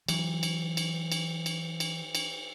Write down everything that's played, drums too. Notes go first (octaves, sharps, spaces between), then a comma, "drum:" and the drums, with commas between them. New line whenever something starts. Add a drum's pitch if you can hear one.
E3 F#3, drum: cymbal
drum: cymbal
drum: cymbal
drum: cymbal
drum: cymbal
drum: cymbal
drum: cymbal